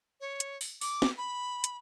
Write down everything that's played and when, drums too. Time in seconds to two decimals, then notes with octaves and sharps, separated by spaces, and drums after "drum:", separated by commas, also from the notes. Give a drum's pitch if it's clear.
0.21 C#5
0.40 drum: hi-hat
0.61 drum: open hi-hat
0.81 D6, drum: open hi-hat
1.02 drum: snare
1.18 B5
1.64 drum: hi-hat